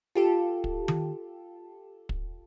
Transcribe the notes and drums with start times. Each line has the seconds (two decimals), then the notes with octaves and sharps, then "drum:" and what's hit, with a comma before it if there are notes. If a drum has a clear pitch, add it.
0.15 F4 G4 A4
0.64 drum: kick
0.88 drum: tom D#3
2.09 drum: kick